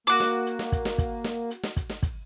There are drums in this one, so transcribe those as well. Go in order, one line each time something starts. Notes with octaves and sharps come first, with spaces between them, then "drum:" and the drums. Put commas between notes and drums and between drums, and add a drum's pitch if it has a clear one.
A#3 F#4 D6
drum: snare
drum: hi-hat
drum: snare
drum: kick, hi-hat
drum: snare
drum: kick, hi-hat
drum: snare
drum: hi-hat
drum: snare
drum: kick, hi-hat
drum: snare
drum: kick, hi-hat